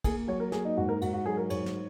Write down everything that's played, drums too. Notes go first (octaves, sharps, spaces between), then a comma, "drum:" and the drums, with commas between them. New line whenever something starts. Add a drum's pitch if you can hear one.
A#3 G#4, drum: kick, cymbal
F#3 C#5
A#4
A#3 G#4, drum: snare
D#4
G#2 F#4
A#4
G#2 F#4, drum: cymbal
F#4
F#3 G#4
A#4
G#2 C#5, drum: cymbal
drum: snare